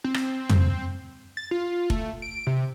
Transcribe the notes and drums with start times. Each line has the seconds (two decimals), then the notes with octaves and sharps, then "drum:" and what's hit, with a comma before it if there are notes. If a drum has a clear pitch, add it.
0.04 C4
0.14 drum: rim click
0.49 drum: tom
1.37 A6
1.51 F4
1.90 A3, drum: kick F1
2.22 D7
2.47 C3